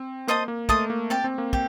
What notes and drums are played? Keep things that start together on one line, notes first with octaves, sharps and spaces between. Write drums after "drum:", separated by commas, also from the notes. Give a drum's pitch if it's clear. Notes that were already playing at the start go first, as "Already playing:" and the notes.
Already playing: C4
A#3 C5 D#5 A5 D#6
A#3
A3 C5 D#5 A5 D#6, drum: kick
A#3
C4 G4 D5 A5
C4
A#3
G4, drum: kick